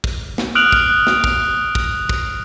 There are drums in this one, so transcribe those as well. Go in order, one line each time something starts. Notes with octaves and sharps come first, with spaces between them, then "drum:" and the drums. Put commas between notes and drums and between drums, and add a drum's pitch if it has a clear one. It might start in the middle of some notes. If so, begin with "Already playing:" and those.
drum: kick
drum: snare
D#6 F6 F#6 D7 F7 F#7
drum: kick
drum: snare
drum: kick
drum: kick
drum: kick